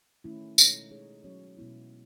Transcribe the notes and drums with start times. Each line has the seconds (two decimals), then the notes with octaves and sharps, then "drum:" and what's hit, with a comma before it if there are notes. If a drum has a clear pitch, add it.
0.24 D#3 A3 C#4 E4
0.58 B2 G#3 D#4 A4 C#5, drum: tambourine
0.91 G#3 D#4 G#4 C#5
1.24 F#3 C#4 F#4 C#5
1.57 B2 G#3 B3 E4